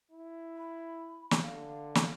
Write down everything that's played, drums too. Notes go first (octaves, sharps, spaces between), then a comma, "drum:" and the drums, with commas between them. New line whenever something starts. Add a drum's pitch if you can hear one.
E4
B5
drum: snare
D3 F5
drum: snare